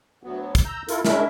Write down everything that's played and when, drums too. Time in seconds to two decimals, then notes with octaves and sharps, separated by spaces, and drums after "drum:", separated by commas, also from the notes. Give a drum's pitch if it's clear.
0.23 D2 F#3 B3
0.55 drum: kick, hi-hat
0.65 A#5 E6 G6
0.89 E4 F4 A4 A#4, drum: hi-hat
1.05 G#3 C#4 D4 E4 A#4 E5, drum: snare